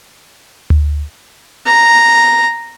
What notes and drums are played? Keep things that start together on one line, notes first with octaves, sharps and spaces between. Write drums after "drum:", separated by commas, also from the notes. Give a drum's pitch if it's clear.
drum: tom D2
A#5